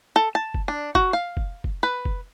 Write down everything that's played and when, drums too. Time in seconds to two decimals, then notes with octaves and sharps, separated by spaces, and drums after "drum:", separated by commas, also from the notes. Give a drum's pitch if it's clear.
0.16 A4
0.35 A5
0.54 drum: kick
0.68 D4
0.95 F#4, drum: kick
1.13 F5
1.37 drum: kick
1.64 drum: kick
1.83 B4
2.05 drum: kick